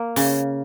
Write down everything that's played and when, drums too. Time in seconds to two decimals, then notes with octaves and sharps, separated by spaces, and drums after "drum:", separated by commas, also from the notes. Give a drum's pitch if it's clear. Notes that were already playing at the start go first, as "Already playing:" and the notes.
Already playing: A#3
0.16 C#3, drum: open hi-hat